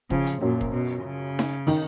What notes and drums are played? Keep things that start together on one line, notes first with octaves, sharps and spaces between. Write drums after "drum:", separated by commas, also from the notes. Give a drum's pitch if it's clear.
C#3 F3, drum: kick F1
drum: hi-hat
F#2 A#2 F#3
drum: kick F1
B2
C#3
drum: snare D#4
D#3 D#4, drum: open hi-hat